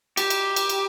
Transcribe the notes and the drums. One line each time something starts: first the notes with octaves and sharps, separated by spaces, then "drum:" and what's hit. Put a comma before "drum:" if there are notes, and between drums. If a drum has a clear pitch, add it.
G4, drum: cymbal
drum: cymbal
drum: cymbal
drum: cymbal